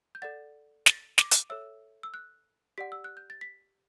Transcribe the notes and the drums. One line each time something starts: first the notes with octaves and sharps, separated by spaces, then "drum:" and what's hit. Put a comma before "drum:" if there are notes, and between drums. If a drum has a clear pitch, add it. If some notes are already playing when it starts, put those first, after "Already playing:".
G6
A4 D5 F#5 A6
A6, drum: snare
D6, drum: snare
drum: hi-hat
A4 C#5 E5 E6
E6
F#6
G4 D5 F#5 B6
E6
F#6
G6
A6
B6